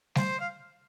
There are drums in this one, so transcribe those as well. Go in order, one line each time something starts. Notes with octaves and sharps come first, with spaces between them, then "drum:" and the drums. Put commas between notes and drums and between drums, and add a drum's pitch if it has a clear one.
C5, drum: snare
F5